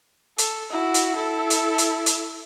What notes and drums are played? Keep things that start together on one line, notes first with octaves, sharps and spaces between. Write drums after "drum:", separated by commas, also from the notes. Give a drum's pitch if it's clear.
A4, drum: hi-hat
E4 F#4
drum: hi-hat
E4 A4
drum: hi-hat
drum: hi-hat
drum: hi-hat